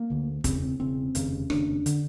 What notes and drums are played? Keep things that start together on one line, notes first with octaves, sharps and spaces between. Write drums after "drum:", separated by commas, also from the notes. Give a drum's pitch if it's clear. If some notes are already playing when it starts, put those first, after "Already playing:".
Already playing: A#3
D2 D3
E1 E2 C#3 C4, drum: kick, hi-hat
C4
E1 E2 C#3 C4
F1 D#2 C#3, drum: hi-hat
F1 D#2 C#3 D4, drum: rim click
D3, drum: hi-hat